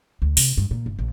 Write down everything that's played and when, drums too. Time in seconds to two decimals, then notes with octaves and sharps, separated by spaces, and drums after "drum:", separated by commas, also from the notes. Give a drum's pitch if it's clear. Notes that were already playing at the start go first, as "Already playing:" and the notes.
0.22 D2
0.37 C3, drum: open hi-hat
0.57 G2
0.71 A#2
0.86 G1
0.99 A#1